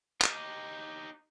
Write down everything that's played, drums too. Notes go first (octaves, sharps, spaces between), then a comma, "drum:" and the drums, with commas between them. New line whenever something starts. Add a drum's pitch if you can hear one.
D#4 G4, drum: clap